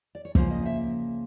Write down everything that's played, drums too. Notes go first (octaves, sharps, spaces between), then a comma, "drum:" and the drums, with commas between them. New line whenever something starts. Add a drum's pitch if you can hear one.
D5
C#5
C#3 F3 A#3 C5, drum: kick
D#5
E5